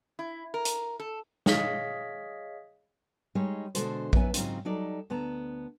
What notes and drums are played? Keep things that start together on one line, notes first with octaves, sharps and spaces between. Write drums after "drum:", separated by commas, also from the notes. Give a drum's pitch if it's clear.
E4
A#4
drum: hi-hat
A4
G#4 C#5 D#5 F5 B6, drum: snare G#3
G3 G#3 D#4 G#4 C#5
B2 D3 G#3 F#4 A4 C5, drum: hi-hat
F#3 B3 B4 E5 G#5, drum: kick A#1
G#2 C#3 F#3 C4 D#4 F4, drum: hi-hat
F#3 G3 D#4 A4 D5
D2 B3 A5 A#5